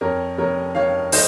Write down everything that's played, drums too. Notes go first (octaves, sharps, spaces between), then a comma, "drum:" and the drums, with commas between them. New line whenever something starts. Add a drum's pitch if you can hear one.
F2 A#4 C#5
F1 A#4 C#5
D#3 C#5 F5
D#3 C5 D#5, drum: open hi-hat